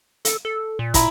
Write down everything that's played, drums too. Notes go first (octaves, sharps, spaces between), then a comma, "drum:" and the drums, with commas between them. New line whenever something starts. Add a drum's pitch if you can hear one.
A4, drum: hi-hat
A4
A#2
E4 A#5 B5, drum: kick, hi-hat